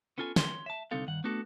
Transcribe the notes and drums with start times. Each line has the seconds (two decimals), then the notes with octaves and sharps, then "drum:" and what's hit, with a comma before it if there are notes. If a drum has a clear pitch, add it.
0.18 B3 C#4 F4 A4 G#5
0.36 C#5 C6, drum: snare
0.66 E5 A5
0.91 C2 D3 C4 D#4 A4 F5
1.07 G2 D#3 F#5
1.24 A3 B3 D4 F#4 A4